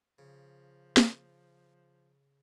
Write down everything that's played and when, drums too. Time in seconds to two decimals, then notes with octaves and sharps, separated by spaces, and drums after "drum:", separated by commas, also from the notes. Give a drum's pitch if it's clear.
0.19 C#3 F3
0.97 drum: snare